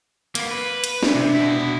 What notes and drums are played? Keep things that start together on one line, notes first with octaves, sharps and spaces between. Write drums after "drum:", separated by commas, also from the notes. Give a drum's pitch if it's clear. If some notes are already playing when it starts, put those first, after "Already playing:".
A#3 B3, drum: hi-hat
B4
drum: hi-hat
D4, drum: snare
C3
B2 E4